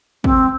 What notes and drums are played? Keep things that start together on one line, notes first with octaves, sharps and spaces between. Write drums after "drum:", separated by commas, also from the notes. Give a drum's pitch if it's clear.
C4, drum: kick